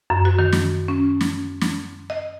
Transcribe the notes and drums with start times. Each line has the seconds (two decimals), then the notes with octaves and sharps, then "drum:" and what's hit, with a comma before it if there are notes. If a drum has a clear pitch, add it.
0.10 F#2
0.25 F#4
0.39 D#3
0.52 drum: snare
0.88 C#4
1.21 drum: snare
1.61 drum: snare
2.10 D#5